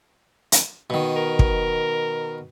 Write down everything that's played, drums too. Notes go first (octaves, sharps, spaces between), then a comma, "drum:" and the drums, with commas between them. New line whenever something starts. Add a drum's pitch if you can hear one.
drum: hi-hat
B2 D#3
A#4
drum: kick